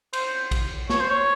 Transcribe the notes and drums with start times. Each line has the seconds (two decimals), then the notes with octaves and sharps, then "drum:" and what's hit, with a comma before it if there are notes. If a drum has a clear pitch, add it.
0.13 C5, drum: cymbal
0.51 drum: kick A#1, cymbal
0.90 C#5, drum: snare
1.00 C5
1.10 C#5